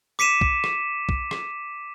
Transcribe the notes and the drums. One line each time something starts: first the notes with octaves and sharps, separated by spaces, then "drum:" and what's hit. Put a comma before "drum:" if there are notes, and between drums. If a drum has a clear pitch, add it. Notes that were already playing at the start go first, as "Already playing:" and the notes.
D6 B6 C#7 D#7 E7
drum: kick B1
drum: rim click
drum: kick B1
drum: rim click